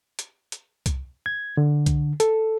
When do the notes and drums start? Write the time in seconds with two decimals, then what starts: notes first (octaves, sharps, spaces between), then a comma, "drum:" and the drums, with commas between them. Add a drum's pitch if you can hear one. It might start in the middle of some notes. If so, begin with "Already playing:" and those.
0.19 drum: hi-hat
0.52 drum: hi-hat
0.86 drum: kick C2, hi-hat
1.26 G#6
1.57 D3
1.86 drum: kick C2, hi-hat
2.20 A4, drum: hi-hat